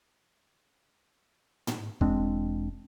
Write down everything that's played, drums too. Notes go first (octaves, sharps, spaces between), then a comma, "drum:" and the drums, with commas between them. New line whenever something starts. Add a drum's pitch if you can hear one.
drum: tom
E1 G#3 C4 D4, drum: kick